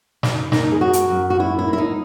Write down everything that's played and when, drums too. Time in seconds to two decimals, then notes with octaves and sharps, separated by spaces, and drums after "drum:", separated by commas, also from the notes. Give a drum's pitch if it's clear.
0.23 F#2 D#4, drum: snare
0.52 A#3 D#4, drum: snare
0.72 G#4
0.81 F#2 F#4
0.93 drum: hi-hat
1.10 F#2
1.30 F#4
1.39 A#2 E4
1.59 E4
1.68 A#3
1.73 E4
1.78 D#4